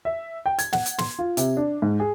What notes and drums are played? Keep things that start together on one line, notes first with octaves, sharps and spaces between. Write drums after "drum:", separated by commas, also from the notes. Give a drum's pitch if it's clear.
E5
G5
G#6, drum: hi-hat
F#5, drum: snare
drum: hi-hat
C6, drum: snare
F4
C3, drum: hi-hat
D4
G#2
G#4